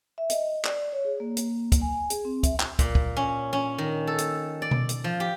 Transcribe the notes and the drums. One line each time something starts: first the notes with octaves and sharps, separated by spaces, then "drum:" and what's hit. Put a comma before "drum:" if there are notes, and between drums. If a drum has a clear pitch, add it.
E5
D#5, drum: hi-hat
D5, drum: clap
C#5
G#4
A#3
drum: hi-hat
drum: kick, hi-hat
G#5
G#4, drum: hi-hat
C4
E5, drum: kick, hi-hat
drum: clap
A#2, drum: kick, hi-hat
drum: kick
C#4
C#4
D#3
A4
drum: hi-hat
D5
drum: tom B2
drum: hi-hat
F3
G4